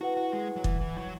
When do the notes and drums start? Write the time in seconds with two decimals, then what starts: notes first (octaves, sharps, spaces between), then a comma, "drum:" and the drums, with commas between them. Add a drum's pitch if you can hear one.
0.01 E4 F#4 B4 F#5
0.17 F#4
0.33 G#3
0.56 F#3
0.64 E3, drum: kick
0.81 E3
0.97 F#3